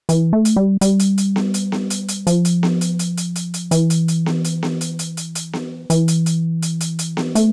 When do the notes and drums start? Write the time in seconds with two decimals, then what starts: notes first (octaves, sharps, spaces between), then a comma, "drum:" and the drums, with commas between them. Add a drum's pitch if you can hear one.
0.09 E3, drum: hi-hat
0.33 A3
0.45 drum: hi-hat
0.56 G3
0.81 G3, drum: hi-hat
0.99 drum: hi-hat
1.18 drum: hi-hat
1.36 drum: snare B3
1.54 drum: hi-hat
1.72 drum: snare B3
1.90 drum: hi-hat
2.08 drum: hi-hat
2.27 F3, drum: hi-hat
2.45 drum: hi-hat
2.63 drum: snare B3
2.81 drum: hi-hat
2.99 drum: hi-hat
3.17 drum: hi-hat
3.35 drum: hi-hat
3.54 drum: hi-hat
3.71 E3, drum: hi-hat
3.90 drum: hi-hat
4.08 drum: hi-hat
4.26 drum: snare B3
4.44 drum: hi-hat
4.63 drum: snare B3
4.81 drum: hi-hat
4.99 drum: hi-hat
5.17 drum: hi-hat
5.35 drum: hi-hat
5.53 drum: snare B3
5.90 E3, drum: hi-hat
6.08 drum: hi-hat
6.26 drum: hi-hat
6.62 drum: hi-hat
6.80 drum: hi-hat
6.99 drum: hi-hat
7.17 drum: snare B3
7.35 A3, drum: hi-hat